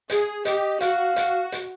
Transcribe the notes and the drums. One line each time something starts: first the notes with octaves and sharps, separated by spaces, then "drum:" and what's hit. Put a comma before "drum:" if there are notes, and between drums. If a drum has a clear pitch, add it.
G#4, drum: hi-hat
G4 D#5, drum: hi-hat
F#4 F5, drum: hi-hat
F#4, drum: hi-hat
drum: hi-hat